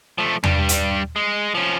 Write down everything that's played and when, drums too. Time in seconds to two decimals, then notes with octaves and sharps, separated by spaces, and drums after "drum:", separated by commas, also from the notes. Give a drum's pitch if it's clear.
0.18 F3 A3
0.44 G2 G3, drum: tom E2
0.69 drum: hi-hat
1.16 G#3
1.55 F3 C#4